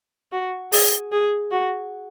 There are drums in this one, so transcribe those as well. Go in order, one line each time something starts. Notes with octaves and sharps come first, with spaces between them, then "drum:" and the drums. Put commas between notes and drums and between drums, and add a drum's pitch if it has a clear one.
F#4
G#4, drum: open hi-hat
G#4
F#4